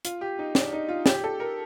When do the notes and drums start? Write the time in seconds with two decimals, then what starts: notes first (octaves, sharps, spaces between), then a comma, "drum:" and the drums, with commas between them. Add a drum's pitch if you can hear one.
0.05 F4, drum: hi-hat
0.21 G4
0.39 D#4
0.55 D4, drum: snare
0.73 D#4
0.89 F4
1.06 G4, drum: snare
1.24 A4
1.40 A#4